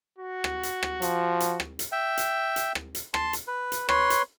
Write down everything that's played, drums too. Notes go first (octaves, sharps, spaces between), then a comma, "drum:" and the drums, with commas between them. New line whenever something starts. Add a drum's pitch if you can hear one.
F#4
drum: rim click
drum: hi-hat
drum: rim click
F3, drum: hi-hat
drum: hi-hat
drum: rim click
drum: hi-hat
E5 G5
drum: hi-hat
drum: hi-hat
drum: rim click
drum: hi-hat
A5 C6, drum: rim click
drum: hi-hat
B4
drum: hi-hat
B4 C#5 C6, drum: rim click
drum: hi-hat